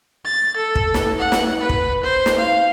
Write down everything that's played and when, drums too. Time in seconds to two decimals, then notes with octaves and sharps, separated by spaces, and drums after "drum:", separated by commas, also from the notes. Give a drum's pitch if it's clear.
0.25 A6
0.57 A4
0.75 drum: kick
0.94 drum: snare
1.19 F#5
1.32 drum: snare
1.60 B4
1.69 drum: kick
2.03 C5
2.26 drum: snare
2.38 F5